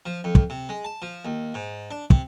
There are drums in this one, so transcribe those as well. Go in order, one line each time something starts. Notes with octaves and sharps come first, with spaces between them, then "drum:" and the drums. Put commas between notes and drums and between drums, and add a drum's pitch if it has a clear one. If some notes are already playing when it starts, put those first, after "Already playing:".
F3
F2
drum: kick
C3
G#3
A5
F3
D#2
G#2
D4
C3, drum: kick